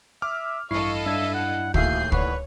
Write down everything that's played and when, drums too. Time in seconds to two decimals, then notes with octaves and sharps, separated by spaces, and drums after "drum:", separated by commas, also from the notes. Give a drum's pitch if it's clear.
0.22 E5 D6 F6
0.71 A1 G2 E4 A4 D#5 F5 C#6 C7
1.05 G2 D4 E5 G#6
1.34 F#5
1.74 D#2 A2 F#4 G#4 E5 F5 G6 C7, drum: kick
2.12 B4 C#5 D5 F#5 C#6, drum: kick